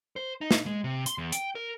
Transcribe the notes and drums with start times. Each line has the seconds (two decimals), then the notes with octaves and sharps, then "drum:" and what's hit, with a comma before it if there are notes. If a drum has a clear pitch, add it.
0.16 C5
0.41 D#4
0.51 drum: snare
0.66 G#3
0.84 C3
1.06 C6, drum: hi-hat
1.18 E2
1.32 G5, drum: hi-hat
1.55 A#4